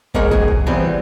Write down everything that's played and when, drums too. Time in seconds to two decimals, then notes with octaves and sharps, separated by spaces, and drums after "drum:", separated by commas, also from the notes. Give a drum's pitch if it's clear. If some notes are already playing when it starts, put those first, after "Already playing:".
0.15 G#3 A#3 A#4 C#5 F#5, drum: kick
0.31 F#3 G#4, drum: kick
0.48 drum: kick
0.66 E3 F#3 G3 B3 C4